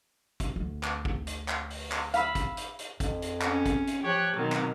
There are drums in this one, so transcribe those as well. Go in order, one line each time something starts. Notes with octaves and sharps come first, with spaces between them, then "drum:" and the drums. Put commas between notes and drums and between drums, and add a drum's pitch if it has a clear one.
drum: kick, hi-hat
D2
drum: clap
drum: kick
drum: hi-hat
drum: clap
drum: open hi-hat
drum: clap
F5 B5 E6, drum: hi-hat
drum: kick, hi-hat
drum: hi-hat
drum: hi-hat
F2, drum: kick, hi-hat
drum: hi-hat
C#4, drum: clap
drum: kick, hi-hat
drum: hi-hat
F3 G4 C#5 F#6
B2 D#3 F#3 C4
drum: clap